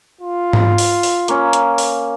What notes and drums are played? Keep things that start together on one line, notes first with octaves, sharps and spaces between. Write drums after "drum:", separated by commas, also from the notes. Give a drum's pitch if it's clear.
F4
drum: tom G#2
drum: open hi-hat
drum: open hi-hat
A#3 C#4 A#4, drum: hi-hat
drum: hi-hat
drum: open hi-hat